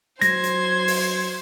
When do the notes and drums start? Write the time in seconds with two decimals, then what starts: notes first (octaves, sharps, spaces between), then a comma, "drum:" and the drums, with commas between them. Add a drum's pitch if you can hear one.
0.22 F#3 C5 G#6 A#6, drum: hi-hat
0.44 drum: hi-hat
0.88 drum: open hi-hat